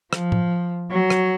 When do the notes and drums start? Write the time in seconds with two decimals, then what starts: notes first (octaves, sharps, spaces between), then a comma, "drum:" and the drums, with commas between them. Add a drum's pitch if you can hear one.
0.13 F3, drum: rim click
0.32 drum: tom
0.91 F#3
1.10 drum: rim click